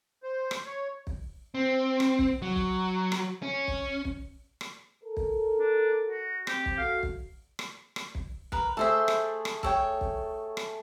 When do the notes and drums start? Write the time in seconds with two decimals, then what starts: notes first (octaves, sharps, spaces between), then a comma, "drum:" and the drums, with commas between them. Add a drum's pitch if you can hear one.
0.23 C5
0.51 drum: rim click
0.66 C#5
1.07 drum: kick
1.55 C4
2.00 drum: rim click
2.19 drum: kick
2.42 F#3
2.56 drum: kick
3.12 drum: rim click
3.42 C#4
3.68 drum: kick
4.05 drum: kick
4.61 drum: rim click
5.03 A4 A#4
5.17 drum: kick
5.58 D4
6.05 F#4
6.47 C4 G4, drum: rim click
6.66 drum: kick
6.78 A3 F#4 F5
7.03 drum: kick
7.59 drum: rim click
7.96 drum: rim click
8.15 drum: kick
8.52 A#4 B4, drum: kick
8.77 A3 G#4 A4 C5 E5
9.08 drum: rim click
9.45 drum: rim click
9.63 A4 C#5 G5, drum: kick
10.01 drum: kick
10.57 drum: rim click